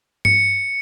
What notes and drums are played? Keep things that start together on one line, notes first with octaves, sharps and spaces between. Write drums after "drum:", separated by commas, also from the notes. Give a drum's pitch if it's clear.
C#7, drum: tom G2